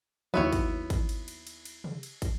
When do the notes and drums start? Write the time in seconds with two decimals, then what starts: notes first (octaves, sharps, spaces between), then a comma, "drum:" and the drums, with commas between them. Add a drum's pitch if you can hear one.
0.34 D#2 F#3 B3 E4 C#5, drum: tom C3
0.53 drum: kick, cymbal
0.90 drum: kick, cymbal
1.09 drum: cymbal
1.28 drum: cymbal
1.47 drum: cymbal
1.65 drum: cymbal
1.84 drum: tom C3
2.03 drum: cymbal
2.22 drum: kick, cymbal